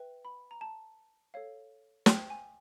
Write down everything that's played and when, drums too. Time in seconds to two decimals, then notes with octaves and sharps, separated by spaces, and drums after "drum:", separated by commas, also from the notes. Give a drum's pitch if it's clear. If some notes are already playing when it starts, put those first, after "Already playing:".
Already playing: B4 E5 G5
0.25 B5
0.51 A#5
0.61 A5
1.34 A4 C#5 F5
2.06 G5, drum: snare
2.30 G#5